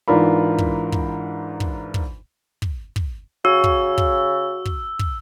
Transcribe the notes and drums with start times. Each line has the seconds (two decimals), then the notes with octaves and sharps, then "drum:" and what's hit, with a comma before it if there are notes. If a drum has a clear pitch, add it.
0.08 G#2 E3 D4 F4 A#4 B5
0.58 drum: kick
0.92 drum: kick
1.60 drum: kick
1.94 drum: kick
2.62 drum: kick
2.96 drum: kick
3.45 C#3 F#4 E6
3.64 drum: kick
3.98 drum: kick
4.65 drum: kick
4.99 drum: kick